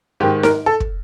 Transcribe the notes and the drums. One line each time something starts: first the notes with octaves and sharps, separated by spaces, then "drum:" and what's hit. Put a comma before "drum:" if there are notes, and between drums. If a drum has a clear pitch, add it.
G#2 D#3 G4
A#4, drum: snare D#4
A4
drum: kick